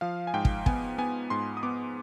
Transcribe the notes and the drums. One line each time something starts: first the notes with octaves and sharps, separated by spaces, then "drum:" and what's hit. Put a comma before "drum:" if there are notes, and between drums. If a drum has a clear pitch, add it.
F3 F5
G#5
G#2 G5
drum: kick
B3 G#5, drum: kick
B3 G#5
G#2 C6
D#6
B3 D6